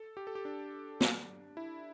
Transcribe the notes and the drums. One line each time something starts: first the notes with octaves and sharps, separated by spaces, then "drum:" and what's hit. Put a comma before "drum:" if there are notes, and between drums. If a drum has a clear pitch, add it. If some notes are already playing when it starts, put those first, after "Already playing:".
Already playing: A4
G4
A4
G4
D4
drum: snare
E4